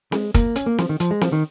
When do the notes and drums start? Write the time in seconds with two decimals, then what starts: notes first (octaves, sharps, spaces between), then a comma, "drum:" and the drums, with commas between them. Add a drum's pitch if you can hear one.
0.12 G#3, drum: snare C4
0.34 A#3, drum: kick, hi-hat
0.56 C#4, drum: hi-hat
0.66 A#3
0.78 F3, drum: snare C4
0.89 D#3
1.00 F3, drum: hi-hat
1.11 G#3
1.21 F3, drum: snare C4
1.32 D#3